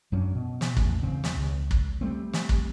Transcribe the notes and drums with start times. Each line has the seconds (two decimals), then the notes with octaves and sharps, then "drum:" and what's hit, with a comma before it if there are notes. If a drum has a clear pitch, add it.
0.12 F#2 F#3 C#4 D4
0.35 B2
0.61 drum: snare
0.77 A1 E2, drum: kick
1.03 E1 C#3 C4
1.24 drum: snare
1.37 C#2
1.71 drum: kick
2.01 G3 A3 C4
2.33 drum: snare
2.49 drum: kick